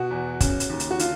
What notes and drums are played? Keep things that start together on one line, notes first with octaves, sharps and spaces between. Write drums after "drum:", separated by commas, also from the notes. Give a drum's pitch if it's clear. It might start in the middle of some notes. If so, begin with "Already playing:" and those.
Already playing: B2 F#4
E2
C#3, drum: kick, hi-hat
drum: hi-hat
D#2
drum: hi-hat
F#4
D3 F4, drum: hi-hat